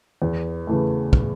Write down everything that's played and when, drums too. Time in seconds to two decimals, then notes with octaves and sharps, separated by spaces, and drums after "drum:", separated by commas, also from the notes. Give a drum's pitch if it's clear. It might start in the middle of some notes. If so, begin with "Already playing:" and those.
0.22 E2
0.67 C#3 E3 A3
1.13 drum: kick